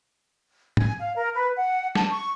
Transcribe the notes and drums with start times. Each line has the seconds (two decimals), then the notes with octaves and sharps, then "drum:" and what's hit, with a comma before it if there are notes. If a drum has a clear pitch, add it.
0.77 G#5, drum: tom G#2
1.00 F5
1.16 A#4
1.35 B4
1.57 F#5
1.95 A5, drum: snare
2.10 C#6